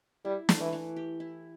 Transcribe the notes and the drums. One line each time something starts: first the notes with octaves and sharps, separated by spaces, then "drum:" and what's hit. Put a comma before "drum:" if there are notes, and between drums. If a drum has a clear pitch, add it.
G3 E4
A3, drum: snare
E3
E3
G4
E4